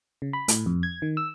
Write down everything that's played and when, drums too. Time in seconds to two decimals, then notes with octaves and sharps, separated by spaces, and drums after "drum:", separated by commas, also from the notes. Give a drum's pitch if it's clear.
0.22 C#3
0.33 B5
0.48 A2, drum: hi-hat
0.66 F2
0.83 G#6
1.02 D#3
1.17 E6